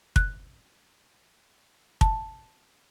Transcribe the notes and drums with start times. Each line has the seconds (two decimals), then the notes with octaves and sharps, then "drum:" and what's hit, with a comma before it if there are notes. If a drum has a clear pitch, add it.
0.16 F#6, drum: kick
2.01 A5, drum: kick